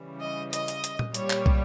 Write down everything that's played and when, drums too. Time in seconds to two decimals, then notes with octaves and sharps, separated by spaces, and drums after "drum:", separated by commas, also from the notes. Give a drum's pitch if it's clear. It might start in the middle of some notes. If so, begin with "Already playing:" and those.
Already playing: C#3 E3 G3
0.21 D#5
0.53 D#5, drum: hi-hat
0.68 drum: hi-hat
0.84 drum: hi-hat
0.99 drum: tom A#2
1.14 A#2 G3 C#5, drum: hi-hat
1.30 drum: clap
1.46 drum: kick